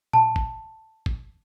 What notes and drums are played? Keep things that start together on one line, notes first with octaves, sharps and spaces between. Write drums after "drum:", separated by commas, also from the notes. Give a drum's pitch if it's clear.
A5, drum: tom A#2
drum: kick
drum: kick